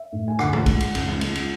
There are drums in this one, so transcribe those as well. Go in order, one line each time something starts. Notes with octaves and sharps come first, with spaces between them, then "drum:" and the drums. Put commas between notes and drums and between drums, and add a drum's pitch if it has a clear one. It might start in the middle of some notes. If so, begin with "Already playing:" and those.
Already playing: E5
A2
G#5
D2 F#5, drum: rim click
drum: tom G#2
G#3, drum: kick, cymbal
drum: cymbal
C#2, drum: cymbal
drum: tom
G#3, drum: cymbal
drum: cymbal